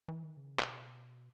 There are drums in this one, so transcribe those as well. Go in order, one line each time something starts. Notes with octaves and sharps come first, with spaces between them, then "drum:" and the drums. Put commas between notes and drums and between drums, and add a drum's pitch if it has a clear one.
E3
D#3
C#3
B2, drum: clap